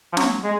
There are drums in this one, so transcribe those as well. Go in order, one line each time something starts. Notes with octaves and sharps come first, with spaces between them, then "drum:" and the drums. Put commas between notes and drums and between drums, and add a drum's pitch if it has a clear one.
F3
F#3, drum: snare
G#3